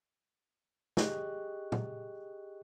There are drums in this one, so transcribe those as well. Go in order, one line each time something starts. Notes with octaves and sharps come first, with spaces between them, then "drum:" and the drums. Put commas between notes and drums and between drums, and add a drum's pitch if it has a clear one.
G4 G#4 D#5 G5 C#6 F#6, drum: snare
drum: tom A#2